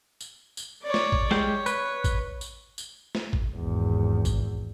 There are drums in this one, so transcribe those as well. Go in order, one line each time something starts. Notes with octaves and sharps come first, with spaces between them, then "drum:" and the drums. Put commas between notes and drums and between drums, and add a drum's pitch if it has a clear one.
drum: tambourine
drum: tambourine
C#5 D5
drum: snare
drum: kick G#1
G3 G#3 G4 C#5, drum: snare
B4, drum: tambourine
drum: kick G#1, tambourine
drum: tambourine
drum: tambourine
drum: snare
drum: kick G#1
G#1 E2
drum: kick G#1, tambourine